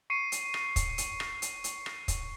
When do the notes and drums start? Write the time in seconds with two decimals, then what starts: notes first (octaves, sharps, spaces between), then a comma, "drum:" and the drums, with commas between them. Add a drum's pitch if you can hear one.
0.10 C#6 C7 C#7 D#7
0.32 drum: hi-hat
0.54 drum: rim click
0.76 drum: kick, hi-hat
0.98 drum: hi-hat
1.20 drum: rim click
1.42 drum: hi-hat
1.64 drum: hi-hat
1.86 drum: rim click
2.08 drum: kick, hi-hat